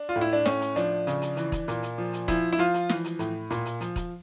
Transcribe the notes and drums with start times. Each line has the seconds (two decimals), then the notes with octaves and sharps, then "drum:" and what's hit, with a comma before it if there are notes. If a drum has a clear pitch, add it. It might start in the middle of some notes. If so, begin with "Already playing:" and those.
Already playing: D4
0.09 F4
0.16 A2
0.21 E4
0.33 D4
0.46 A2 C#4, drum: snare
0.61 drum: hi-hat
0.76 F3 D4, drum: hi-hat
1.07 C#3, drum: hi-hat
1.22 drum: hi-hat
1.37 E3, drum: hi-hat
1.52 drum: kick E1, hi-hat
1.68 A#2, drum: hi-hat
1.83 drum: hi-hat
1.98 F3
2.13 drum: hi-hat
2.28 F3 E4, drum: kick E1, hi-hat
2.53 E4
2.59 F3 F4, drum: hi-hat
2.74 drum: hi-hat
2.89 E3, drum: snare
3.04 drum: hi-hat
3.19 A2, drum: hi-hat
3.51 A#2, drum: hi-hat
3.65 drum: hi-hat
3.80 F3, drum: hi-hat
3.96 drum: kick E1, hi-hat